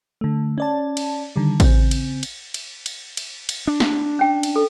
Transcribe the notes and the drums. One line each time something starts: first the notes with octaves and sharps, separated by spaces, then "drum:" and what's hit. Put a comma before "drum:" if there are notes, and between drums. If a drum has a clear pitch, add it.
D3 A3
C#4 D5 A5
drum: cymbal
D3 D#3 G3
C#3 C4, drum: kick A1, cymbal
drum: cymbal
drum: cymbal
drum: cymbal
drum: cymbal
drum: cymbal
drum: cymbal
D4
drum: snare
C#4 G5
drum: cymbal
A4